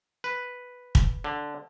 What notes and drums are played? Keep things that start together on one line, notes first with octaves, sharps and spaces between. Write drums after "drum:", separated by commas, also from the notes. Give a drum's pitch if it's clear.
B4
drum: kick
D3